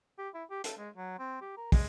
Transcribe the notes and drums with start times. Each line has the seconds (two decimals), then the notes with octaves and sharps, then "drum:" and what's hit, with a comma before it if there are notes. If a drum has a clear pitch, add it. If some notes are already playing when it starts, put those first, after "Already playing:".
0.18 G4
0.34 E4
0.50 G4
0.64 A4, drum: hi-hat
0.78 G#3
0.97 F#3
1.19 C4
1.41 G4
1.57 A#4
1.72 G#3, drum: kick, open hi-hat